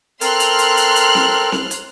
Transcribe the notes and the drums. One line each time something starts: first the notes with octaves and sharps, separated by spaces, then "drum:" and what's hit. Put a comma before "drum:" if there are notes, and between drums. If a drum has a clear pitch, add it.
C4 A4 A#4 C6 F6 F#6, drum: hi-hat
drum: hi-hat
drum: hi-hat
drum: hi-hat
drum: hi-hat
drum: snare C4
drum: snare C4
drum: hi-hat